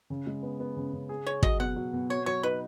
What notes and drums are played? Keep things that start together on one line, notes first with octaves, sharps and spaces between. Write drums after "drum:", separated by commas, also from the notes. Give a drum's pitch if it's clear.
C#3
G#3
B3
B3
C#3
C#3
G#4
G#4 C#5
F#3 D#5, drum: kick
B2 F#5
F#3
B2
F#4 C#5
F#3 C#5
D#4 B4